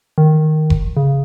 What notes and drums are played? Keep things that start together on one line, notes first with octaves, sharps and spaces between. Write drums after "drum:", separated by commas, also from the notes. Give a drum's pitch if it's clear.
D#3
drum: kick F1
C#3